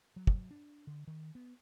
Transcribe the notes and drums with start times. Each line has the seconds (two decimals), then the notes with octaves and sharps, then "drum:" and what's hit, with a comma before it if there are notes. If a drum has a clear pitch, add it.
0.16 F#3
0.27 drum: kick
0.51 D4
0.87 D3
1.07 D#3
1.35 B3